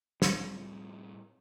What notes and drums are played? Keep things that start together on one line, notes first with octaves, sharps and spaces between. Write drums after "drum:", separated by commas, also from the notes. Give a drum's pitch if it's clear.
A2 G3 C4, drum: snare